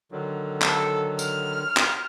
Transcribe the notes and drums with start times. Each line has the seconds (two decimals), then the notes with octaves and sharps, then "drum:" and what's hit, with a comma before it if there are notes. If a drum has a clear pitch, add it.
0.12 D3 D#3 F#3
0.62 A4, drum: clap
1.19 F6, drum: tambourine
1.77 drum: clap